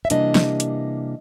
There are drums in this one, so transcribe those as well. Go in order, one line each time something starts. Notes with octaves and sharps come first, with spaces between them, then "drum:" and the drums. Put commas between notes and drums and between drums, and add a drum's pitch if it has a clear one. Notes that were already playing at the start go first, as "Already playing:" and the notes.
E5
C3 E3 G3 A#3 D4 D#5, drum: hi-hat
drum: snare
drum: hi-hat